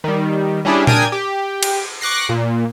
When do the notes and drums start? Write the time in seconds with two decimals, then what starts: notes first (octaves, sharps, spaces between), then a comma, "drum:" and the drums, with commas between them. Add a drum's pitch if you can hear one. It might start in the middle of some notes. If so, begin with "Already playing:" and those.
0.04 D#3 G3
0.65 G3 C#4 D4 E4 G4 G#4
0.87 D4 A#4 G5 G#5 D#6 G#6, drum: tom A#2
1.12 G4
1.63 drum: cymbal
2.01 C#6 D6 F#6 A#6 C7
2.29 A#2